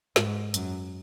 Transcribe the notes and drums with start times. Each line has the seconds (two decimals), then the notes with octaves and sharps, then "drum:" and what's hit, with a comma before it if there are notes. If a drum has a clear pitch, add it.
0.16 G#2, drum: snare
0.54 F#2, drum: hi-hat